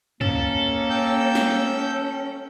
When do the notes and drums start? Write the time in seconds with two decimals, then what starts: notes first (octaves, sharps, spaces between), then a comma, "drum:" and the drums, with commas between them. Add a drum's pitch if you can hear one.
0.21 A#3 C#4 A4, drum: tom
0.90 G5 E6 G6
1.35 drum: snare